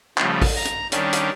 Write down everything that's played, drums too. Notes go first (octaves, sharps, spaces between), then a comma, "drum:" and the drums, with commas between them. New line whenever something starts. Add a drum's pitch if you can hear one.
C#3 F3 G3 A3, drum: clap
drum: kick A1, open hi-hat
A#5
drum: hi-hat
D#3 G3 C#4 D4, drum: hi-hat
drum: hi-hat